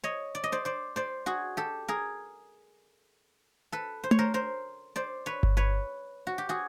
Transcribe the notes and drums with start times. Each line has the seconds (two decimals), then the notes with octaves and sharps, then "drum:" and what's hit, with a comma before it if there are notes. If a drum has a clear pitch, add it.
0.04 C#5 D#5
0.35 D5
0.44 D#5
0.52 C5 D5
0.65 C5 D5
0.96 C5 D5
1.26 F#4 G#4
1.57 G4 A4
1.88 G#4 A#4
3.72 A4 B4
4.04 C5
4.11 C#5, drum: tom A3
4.19 A#4 C5
4.34 A#4 C5
4.96 C5 D5
5.26 B4 C#5
5.43 drum: kick G1
5.57 B4 C#5
6.27 F#4
6.38 G4
6.49 F#4 G#4